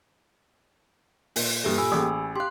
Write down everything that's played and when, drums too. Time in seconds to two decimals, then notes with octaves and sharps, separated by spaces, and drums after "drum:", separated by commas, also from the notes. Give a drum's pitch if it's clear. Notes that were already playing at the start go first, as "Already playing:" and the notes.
1.36 A#2, drum: open hi-hat
1.64 G2 E3 A#3 G4 A4
1.78 A#2 G#5 B5 E6
1.92 A1 G#4 G5
2.36 G4 F5 C6 F#6